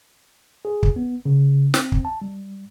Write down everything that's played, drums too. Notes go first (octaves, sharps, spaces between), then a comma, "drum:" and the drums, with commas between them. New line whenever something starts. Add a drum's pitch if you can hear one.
G#4
drum: kick
B3
C#3
C4, drum: snare
drum: kick
A5
G3